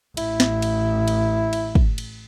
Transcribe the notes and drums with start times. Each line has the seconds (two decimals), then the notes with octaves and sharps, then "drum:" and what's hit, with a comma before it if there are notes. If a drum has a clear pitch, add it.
0.17 A1 E4, drum: cymbal
0.40 drum: snare
0.62 drum: cymbal
1.08 drum: cymbal
1.53 drum: cymbal
1.75 drum: kick
1.98 drum: cymbal